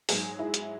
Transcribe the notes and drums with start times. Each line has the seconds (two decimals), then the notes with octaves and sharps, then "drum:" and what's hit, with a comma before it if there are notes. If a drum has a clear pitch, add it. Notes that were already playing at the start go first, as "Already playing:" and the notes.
0.09 G#2 F#3 G#4, drum: open hi-hat
0.39 E4
0.54 drum: hi-hat